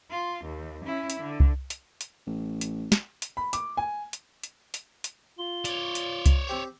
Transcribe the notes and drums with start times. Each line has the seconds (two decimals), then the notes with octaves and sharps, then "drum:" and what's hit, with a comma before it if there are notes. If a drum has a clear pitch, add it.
0.11 F4
0.45 D#2
0.85 C#4 E4
1.10 drum: hi-hat
1.20 D3
1.40 drum: kick C2
1.70 drum: hi-hat
2.01 drum: hi-hat
2.27 A1
2.61 drum: hi-hat
2.92 drum: snare
3.22 drum: hi-hat
3.37 B5
3.53 D6, drum: hi-hat
3.77 G#5
4.13 drum: hi-hat
4.44 drum: hi-hat
4.74 drum: hi-hat
5.04 drum: hi-hat
5.39 F4 G7
5.65 C#5 D5, drum: hi-hat
5.95 drum: hi-hat
6.26 drum: kick C2, hi-hat
6.47 C4 G4 C5